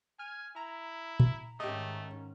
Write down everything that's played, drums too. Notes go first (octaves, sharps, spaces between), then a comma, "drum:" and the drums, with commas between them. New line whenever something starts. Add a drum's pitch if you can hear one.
G#5 F6
E4 A#5
drum: tom A#2
G#2 D#3 A3 C#4 G4 D#5